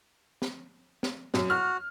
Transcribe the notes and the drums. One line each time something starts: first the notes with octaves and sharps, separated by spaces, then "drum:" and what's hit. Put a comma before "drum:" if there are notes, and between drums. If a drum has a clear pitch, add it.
drum: snare
drum: snare
F#2, drum: snare
F#4 F6